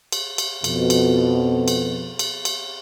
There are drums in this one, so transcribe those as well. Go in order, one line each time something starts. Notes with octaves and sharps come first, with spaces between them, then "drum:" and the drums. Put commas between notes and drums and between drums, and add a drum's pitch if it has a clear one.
drum: cymbal
drum: cymbal
F2 B2, drum: cymbal
drum: cymbal
drum: cymbal
drum: cymbal
drum: cymbal